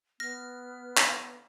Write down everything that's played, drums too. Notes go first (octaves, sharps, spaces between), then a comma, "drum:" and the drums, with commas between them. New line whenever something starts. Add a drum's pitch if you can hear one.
B3 F6 A#6
drum: clap